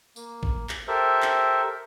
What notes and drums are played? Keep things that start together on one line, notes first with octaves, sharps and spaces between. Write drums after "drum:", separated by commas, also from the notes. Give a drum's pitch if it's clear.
A#3, drum: tambourine
drum: kick
drum: clap
G4 A4 A#4 C5 E5
drum: clap